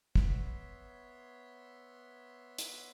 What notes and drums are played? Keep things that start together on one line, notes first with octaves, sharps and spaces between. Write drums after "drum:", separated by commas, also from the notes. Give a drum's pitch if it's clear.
B3 C#5 E5 C6, drum: kick
drum: hi-hat